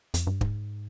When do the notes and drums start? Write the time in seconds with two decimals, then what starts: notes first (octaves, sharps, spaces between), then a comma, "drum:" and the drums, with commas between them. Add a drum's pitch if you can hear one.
0.14 F2, drum: hi-hat
0.27 G2
0.41 G#2, drum: kick